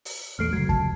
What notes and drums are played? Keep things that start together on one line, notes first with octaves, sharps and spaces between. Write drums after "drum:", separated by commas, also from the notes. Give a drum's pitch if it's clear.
drum: open hi-hat
A#1 E2 A3 F6 C7 D7
F1 C#2 F#3 G#6 C7
A5, drum: kick